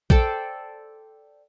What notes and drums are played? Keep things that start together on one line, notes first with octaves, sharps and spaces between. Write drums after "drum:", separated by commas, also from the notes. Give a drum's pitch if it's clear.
A4 C5 D5 G5, drum: kick A#1